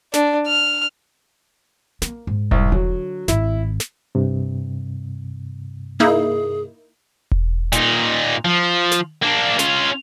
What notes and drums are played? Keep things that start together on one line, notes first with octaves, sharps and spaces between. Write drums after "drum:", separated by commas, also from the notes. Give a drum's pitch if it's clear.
D4, drum: snare
F6
A#3, drum: snare
G#2
C2, drum: kick E1
D3 F#3
G#1 E4, drum: snare
drum: snare
G2 C3
A#3 D#4 E4 G#4
drum: kick E1
A#2 D#4, drum: hi-hat
F3
drum: snare
A#3 D4
C#4 F4, drum: snare